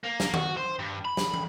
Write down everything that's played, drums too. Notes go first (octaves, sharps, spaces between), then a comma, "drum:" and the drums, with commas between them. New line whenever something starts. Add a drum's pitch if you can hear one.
A#3
drum: snare
F#4, drum: tom D#3
C5
G2
B5
drum: snare
drum: tom